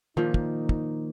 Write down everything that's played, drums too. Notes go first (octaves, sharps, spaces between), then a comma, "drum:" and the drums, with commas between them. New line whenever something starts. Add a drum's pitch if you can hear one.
A#2 D#3 F3 A#3 D#4
drum: kick
drum: kick